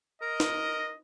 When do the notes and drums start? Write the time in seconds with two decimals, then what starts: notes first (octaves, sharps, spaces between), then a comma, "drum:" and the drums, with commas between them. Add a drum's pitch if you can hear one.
0.22 A#4 D#5
0.40 drum: snare